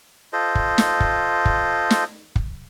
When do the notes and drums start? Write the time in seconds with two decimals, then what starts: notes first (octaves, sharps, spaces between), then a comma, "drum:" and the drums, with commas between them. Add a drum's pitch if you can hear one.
0.33 F4 A4 C5 D#5
0.55 drum: kick
0.78 drum: snare
1.00 drum: kick
1.45 drum: kick
1.90 drum: snare
2.36 drum: kick